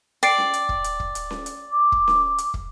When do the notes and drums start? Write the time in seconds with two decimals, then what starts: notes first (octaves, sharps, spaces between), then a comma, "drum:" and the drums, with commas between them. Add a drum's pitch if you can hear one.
0.23 D5 G5 C7 D7, drum: hi-hat
0.38 drum: snare C#4
0.53 drum: hi-hat
0.69 drum: kick
0.84 drum: hi-hat
1.00 drum: kick
1.15 drum: hi-hat
1.31 drum: snare C#4
1.46 drum: hi-hat
1.71 D6
1.92 drum: kick
2.08 drum: snare C#4
2.38 drum: hi-hat
2.54 drum: kick